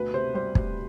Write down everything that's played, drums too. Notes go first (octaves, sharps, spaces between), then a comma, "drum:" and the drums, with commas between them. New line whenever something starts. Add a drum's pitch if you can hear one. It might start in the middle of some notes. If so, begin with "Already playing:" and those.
Already playing: D2 B2 B4
C3 C5
G3 C5
D2, drum: kick